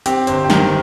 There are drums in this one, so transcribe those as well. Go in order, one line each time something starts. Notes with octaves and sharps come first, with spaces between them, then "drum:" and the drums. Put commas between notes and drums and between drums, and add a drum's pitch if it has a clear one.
C4 G4, drum: hi-hat
G1 C5, drum: hi-hat
G4
D#3 A#4, drum: snare